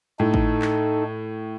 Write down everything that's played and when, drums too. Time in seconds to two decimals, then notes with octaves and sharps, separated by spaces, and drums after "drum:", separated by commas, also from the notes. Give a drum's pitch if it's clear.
0.20 A2 D#4 A4
0.34 drum: kick G#1
0.62 drum: clap